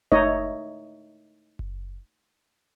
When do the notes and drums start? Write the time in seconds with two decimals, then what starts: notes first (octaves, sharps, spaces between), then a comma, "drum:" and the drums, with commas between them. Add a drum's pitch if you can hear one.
0.12 A3 D#4 C#5 D#5, drum: kick F#1
1.59 drum: kick F#1